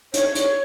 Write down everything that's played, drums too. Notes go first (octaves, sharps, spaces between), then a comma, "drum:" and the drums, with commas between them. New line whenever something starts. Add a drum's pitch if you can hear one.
C#5, drum: hi-hat
drum: hi-hat